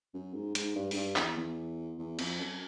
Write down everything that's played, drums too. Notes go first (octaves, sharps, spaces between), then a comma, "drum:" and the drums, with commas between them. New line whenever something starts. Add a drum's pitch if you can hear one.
F#2
G#2
G#2, drum: hi-hat
G2
G#2, drum: open hi-hat
G2
E2, drum: clap
E2
E2
F2, drum: cymbal
F#2